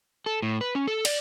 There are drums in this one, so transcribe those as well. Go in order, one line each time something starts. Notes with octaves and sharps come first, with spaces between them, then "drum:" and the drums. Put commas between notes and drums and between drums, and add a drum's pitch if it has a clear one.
A4
A2
B4
C#4
A4
D5, drum: cymbal